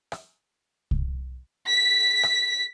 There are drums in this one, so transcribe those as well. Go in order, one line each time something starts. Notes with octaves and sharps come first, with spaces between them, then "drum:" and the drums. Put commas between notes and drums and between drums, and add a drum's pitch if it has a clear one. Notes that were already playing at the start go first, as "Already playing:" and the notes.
drum: rim click
drum: kick C2
B6
drum: rim click